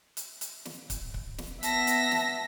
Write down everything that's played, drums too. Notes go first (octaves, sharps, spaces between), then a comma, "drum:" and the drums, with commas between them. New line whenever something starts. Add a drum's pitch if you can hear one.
drum: hi-hat
drum: hi-hat
drum: snare
drum: kick C#1, hi-hat
drum: kick C#1
drum: snare
B3 E5 A5 A#6 B6, drum: hi-hat
drum: hi-hat
drum: snare